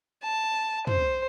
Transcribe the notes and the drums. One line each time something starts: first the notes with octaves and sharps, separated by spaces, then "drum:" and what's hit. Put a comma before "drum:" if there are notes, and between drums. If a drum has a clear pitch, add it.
A5
C5, drum: tom